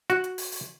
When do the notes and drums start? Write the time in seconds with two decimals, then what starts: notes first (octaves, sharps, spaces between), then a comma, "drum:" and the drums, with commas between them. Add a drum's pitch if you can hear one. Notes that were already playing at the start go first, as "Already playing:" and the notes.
0.10 F#4, drum: hi-hat
0.24 drum: hi-hat
0.38 drum: open hi-hat
0.52 drum: open hi-hat